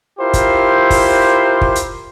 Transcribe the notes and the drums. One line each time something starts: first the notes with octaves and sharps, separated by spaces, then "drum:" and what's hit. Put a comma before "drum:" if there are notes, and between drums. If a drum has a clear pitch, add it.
E4 F4 G4 A#4 C5
drum: kick, hi-hat
drum: kick, open hi-hat
drum: kick
drum: hi-hat